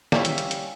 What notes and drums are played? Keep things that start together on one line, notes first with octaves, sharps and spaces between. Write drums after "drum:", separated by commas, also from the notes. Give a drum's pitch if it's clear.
G3 A#3 C#4 E4, drum: snare
drum: hi-hat
drum: hi-hat
drum: hi-hat